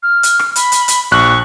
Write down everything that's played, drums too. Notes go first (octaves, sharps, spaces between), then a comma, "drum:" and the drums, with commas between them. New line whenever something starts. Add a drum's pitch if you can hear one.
F6
drum: hi-hat
drum: rim click
B5, drum: hi-hat
drum: hi-hat
drum: hi-hat
A#1 C#6 F#6